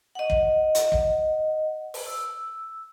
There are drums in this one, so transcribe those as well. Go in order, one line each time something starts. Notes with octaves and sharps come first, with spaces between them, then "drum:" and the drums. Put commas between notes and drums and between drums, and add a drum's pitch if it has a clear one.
D#5 F#5
drum: kick
drum: hi-hat
drum: kick
drum: open hi-hat
E6